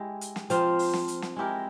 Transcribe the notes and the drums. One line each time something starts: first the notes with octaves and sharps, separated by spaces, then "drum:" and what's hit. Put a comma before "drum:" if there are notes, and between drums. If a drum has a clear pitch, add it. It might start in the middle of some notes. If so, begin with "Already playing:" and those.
Already playing: G#3 E4 G4
drum: hi-hat
drum: snare
F3 C4 F4 C5, drum: hi-hat
drum: open hi-hat
drum: snare
drum: hi-hat
drum: snare
G#3 E4 G4 A#4